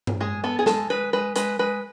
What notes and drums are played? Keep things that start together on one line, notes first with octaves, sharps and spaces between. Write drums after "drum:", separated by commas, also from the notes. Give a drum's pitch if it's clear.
drum: tom G2
G#3 G#4
B3 A4
G#4
G#3 A4, drum: snare
G#3 B4
G#3 B4
G#3 B4, drum: hi-hat
G#3 B4